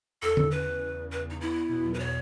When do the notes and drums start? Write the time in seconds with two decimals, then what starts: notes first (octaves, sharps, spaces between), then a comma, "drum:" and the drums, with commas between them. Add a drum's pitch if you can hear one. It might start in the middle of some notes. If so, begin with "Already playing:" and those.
0.22 E2 A4
0.37 E2, drum: tom D3
0.51 C#3 B4
0.67 E2
0.82 E2
0.96 E2
1.10 E2 B4
1.26 E2 D#4
1.41 B3 E4
1.55 B3
1.69 B2
1.85 B1
1.94 B4
1.99 B2 C#5